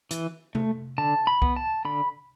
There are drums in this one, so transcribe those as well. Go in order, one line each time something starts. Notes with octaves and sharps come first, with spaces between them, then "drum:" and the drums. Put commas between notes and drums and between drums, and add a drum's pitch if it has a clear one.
E3, drum: hi-hat
A3, drum: tom C3
D3 A5
B5
B3, drum: kick C2
A5
D3 B5